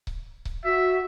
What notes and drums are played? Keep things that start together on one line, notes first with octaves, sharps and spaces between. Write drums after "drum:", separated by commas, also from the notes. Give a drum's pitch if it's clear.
drum: kick C#1
drum: kick C#1
F#4 E5